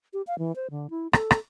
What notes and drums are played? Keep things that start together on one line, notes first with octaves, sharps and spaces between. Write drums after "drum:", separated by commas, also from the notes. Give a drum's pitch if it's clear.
G4
F5
E3
C5
D3
E4
A4, drum: rim click
drum: rim click